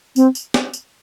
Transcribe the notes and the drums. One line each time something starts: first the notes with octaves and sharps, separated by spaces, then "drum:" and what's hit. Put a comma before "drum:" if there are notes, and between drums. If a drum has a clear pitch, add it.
C4, drum: tambourine
drum: tambourine
drum: snare
drum: tambourine